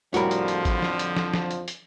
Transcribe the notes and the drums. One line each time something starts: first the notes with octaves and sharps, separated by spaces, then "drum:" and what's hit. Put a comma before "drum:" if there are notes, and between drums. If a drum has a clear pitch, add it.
F2 A2 D3 F3 G3 F#4 A#4 B5, drum: hi-hat
drum: hi-hat
drum: hi-hat
drum: kick, hi-hat
drum: snare
drum: hi-hat
drum: snare
drum: snare
drum: hi-hat
drum: hi-hat